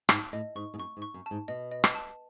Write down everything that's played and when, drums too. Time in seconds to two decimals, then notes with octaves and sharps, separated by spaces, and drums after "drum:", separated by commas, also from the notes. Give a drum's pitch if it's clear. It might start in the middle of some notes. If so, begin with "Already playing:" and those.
0.09 G#2 A5, drum: rim click
0.33 A2 D#5
0.55 G#2 C#6
0.74 G#2
0.78 F#2 C#6
0.97 G#2
1.02 C#6
1.14 F#2
1.26 G#2 A5
1.48 B2 D#5
1.71 D#5
1.84 drum: rim click
1.95 A5